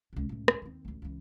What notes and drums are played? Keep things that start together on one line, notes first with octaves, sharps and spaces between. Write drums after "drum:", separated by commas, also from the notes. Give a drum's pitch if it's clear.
C#2 C3
C#2 A2
drum: rim click
D#2 C4
A1 D2
C#2 E3